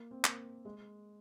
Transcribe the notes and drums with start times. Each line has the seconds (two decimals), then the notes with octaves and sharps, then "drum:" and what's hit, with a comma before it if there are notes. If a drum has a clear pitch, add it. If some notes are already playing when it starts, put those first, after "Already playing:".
Already playing: A#3
0.11 C4
0.24 A#3, drum: clap
0.65 G#3